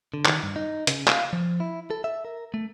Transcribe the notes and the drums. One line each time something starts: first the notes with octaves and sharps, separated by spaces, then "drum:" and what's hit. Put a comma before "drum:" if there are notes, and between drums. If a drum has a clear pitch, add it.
D3
D#3, drum: clap
G2
D#4
C#3, drum: hi-hat
F5, drum: clap
F3
E4
A4
E5
A#4
A3